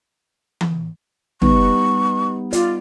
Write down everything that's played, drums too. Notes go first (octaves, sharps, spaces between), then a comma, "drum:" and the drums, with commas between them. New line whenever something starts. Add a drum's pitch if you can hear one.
drum: tom E3
G3 B3 D#4 C#6, drum: tom
F4 D5, drum: hi-hat